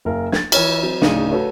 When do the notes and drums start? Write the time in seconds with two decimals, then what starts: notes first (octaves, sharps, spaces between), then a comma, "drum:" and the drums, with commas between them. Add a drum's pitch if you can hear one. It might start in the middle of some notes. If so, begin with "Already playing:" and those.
0.05 F#1 A#4 F5
0.32 G#6 A6, drum: snare
0.52 E3 E4 C#5 F6, drum: cymbal
0.83 F#3 C4
1.02 D1 C#3 D4 D#4 D#7, drum: snare
1.31 F#4 A4 B4 C#5